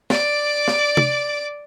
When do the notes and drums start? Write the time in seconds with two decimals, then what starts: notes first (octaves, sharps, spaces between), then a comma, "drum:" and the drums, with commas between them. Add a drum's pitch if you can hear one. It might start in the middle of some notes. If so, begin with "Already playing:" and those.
0.10 D5 D6, drum: snare
0.68 drum: snare
0.97 drum: tom